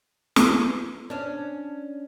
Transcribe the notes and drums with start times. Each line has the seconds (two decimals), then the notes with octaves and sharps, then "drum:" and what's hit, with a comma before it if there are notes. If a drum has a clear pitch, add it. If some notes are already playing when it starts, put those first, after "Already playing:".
0.36 drum: snare
1.10 C#4 D4